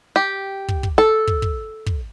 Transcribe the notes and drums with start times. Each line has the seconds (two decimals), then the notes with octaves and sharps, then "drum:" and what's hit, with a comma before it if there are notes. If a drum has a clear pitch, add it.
0.16 G4
0.68 drum: kick
0.83 drum: kick
0.98 A4
1.27 drum: kick
1.42 drum: kick
1.86 drum: kick